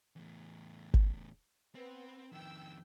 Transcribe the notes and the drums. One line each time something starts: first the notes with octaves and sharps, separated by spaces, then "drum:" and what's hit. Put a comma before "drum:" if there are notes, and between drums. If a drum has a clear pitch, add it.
E2 A2
drum: kick G#1
B3 C4
F2 D#3 G5 E6